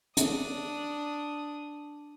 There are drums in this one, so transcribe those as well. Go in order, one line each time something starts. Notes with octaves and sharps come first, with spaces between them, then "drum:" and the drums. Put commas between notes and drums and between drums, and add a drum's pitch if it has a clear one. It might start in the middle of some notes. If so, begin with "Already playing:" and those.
D4 D#6, drum: hi-hat